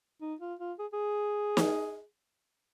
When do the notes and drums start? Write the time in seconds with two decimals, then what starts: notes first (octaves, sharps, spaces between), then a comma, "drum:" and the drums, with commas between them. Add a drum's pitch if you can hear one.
0.21 D#4
0.41 F4
0.59 F4
0.79 G#4
0.93 G#4
1.57 drum: snare